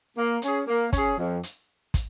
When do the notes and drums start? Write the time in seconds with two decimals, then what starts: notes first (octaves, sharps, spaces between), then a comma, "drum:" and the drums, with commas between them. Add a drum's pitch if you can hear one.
0.17 A#3
0.42 C#4 G#4, drum: hi-hat
0.67 A#3
0.93 C#4 G#4, drum: kick, hi-hat
1.18 F2
1.43 drum: hi-hat
1.94 drum: kick, hi-hat